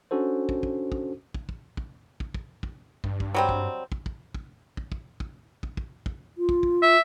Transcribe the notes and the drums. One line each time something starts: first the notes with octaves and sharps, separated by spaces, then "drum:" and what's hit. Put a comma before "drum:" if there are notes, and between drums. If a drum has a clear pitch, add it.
C#4 D4 F#4 A4 C5
drum: kick
drum: kick
drum: kick
drum: kick
drum: kick
drum: kick
drum: kick
drum: kick
drum: kick
G2, drum: kick
drum: kick
F#3 G3 C4
drum: kick
drum: kick
drum: kick
drum: kick
drum: kick
drum: kick
drum: kick
drum: kick
drum: kick
drum: kick
F4
drum: kick
drum: kick
E5